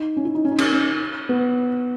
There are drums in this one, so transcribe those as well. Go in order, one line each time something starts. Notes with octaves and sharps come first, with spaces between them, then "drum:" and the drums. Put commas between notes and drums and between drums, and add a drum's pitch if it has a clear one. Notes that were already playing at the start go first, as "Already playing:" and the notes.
Already playing: D#4
C#4
E4
D#4
C#4
D#4
C#4, drum: cymbal
C#4
B3